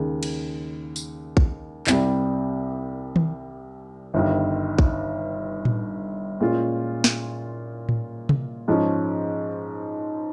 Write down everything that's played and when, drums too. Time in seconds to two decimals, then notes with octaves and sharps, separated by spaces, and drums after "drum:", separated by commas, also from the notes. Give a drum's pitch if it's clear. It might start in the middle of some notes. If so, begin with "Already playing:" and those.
Already playing: D#2 C#3 G#3
0.23 drum: cymbal
0.96 drum: tambourine
1.37 drum: kick
1.87 C2 C3 G3, drum: clap
3.16 drum: tom D#3
4.14 G1 G2 D#3
4.79 drum: kick
5.65 drum: tom A2
6.41 A#2 G#3 C#4 F4
7.04 drum: snare
7.89 drum: tom A2
8.29 drum: tom C3
8.68 G#2 F3 G#3 C#4